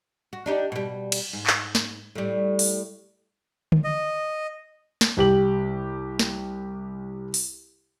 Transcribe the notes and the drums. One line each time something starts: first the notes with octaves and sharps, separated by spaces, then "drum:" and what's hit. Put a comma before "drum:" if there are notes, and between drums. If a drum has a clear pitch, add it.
F#4
D4 D#4 G4
B2 G3
drum: cymbal
G#2
drum: clap
drum: snare
A2 G3
drum: open hi-hat
drum: tom D3
D#5
drum: snare
C2 G4 F#7
drum: snare
drum: open hi-hat